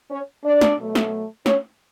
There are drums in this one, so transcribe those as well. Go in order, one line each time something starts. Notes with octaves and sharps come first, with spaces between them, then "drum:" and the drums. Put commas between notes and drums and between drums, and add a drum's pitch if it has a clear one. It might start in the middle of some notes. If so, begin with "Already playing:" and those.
C#4 C#5
D4 D5
drum: snare
B2 F#3 A3
drum: snare
C#4 C#5, drum: snare